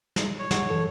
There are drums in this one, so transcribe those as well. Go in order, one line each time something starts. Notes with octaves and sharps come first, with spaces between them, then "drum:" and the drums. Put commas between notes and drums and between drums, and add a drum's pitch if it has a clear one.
drum: snare
C#5
F#5, drum: snare
F#2 E3 A4